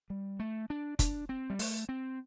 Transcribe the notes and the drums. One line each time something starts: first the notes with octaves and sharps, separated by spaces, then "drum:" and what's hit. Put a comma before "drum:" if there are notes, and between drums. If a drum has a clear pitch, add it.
G3
A3
D4
D4, drum: kick, hi-hat
C4
G3
A3, drum: open hi-hat
C4